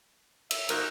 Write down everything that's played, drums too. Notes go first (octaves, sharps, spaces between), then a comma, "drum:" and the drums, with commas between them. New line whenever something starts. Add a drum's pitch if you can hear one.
E5, drum: cymbal
B2 F3 D#4 A#4, drum: cymbal